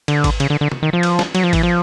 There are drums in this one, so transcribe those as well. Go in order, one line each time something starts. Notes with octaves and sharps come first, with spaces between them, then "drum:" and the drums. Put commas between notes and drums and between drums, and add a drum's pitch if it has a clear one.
D3, drum: cymbal
drum: kick G#1, cymbal
C#3, drum: cymbal
D3
D3
drum: tom C3
D#3
F3
drum: cymbal
drum: snare
F#3, drum: cymbal
F3
E3, drum: kick G#1, cymbal
F3